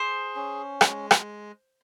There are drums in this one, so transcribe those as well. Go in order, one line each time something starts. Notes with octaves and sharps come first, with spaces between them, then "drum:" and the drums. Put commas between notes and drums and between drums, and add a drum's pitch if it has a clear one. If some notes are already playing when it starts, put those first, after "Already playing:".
Already playing: G#4 C5
C#4
G#3, drum: rim click
drum: rim click